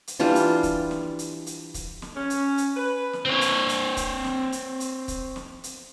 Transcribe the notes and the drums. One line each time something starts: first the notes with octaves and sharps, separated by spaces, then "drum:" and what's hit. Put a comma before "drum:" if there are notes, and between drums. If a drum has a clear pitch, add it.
drum: hi-hat
E3 G3 D4 F4
drum: hi-hat
drum: kick, hi-hat
drum: snare
drum: hi-hat
drum: hi-hat
drum: kick, hi-hat
drum: snare
C#4
drum: hi-hat
drum: hi-hat
B4
drum: snare
C4 C#5
drum: hi-hat
drum: hi-hat
drum: kick, hi-hat
drum: snare
drum: hi-hat
drum: hi-hat
drum: kick, hi-hat
drum: snare
drum: hi-hat